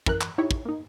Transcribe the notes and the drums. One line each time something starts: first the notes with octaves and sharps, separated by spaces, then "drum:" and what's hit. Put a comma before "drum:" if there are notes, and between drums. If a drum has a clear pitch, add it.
F#2 E3 A#4 F#6, drum: kick
drum: clap
D#4 E4 G4 C#5
drum: kick
A#3 D#4